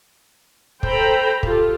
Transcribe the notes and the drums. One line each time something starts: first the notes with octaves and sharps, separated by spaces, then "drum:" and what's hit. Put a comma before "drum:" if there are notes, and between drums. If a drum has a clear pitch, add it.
A4 C5 G5 A#5 B5, drum: kick
F4 G4 A4, drum: kick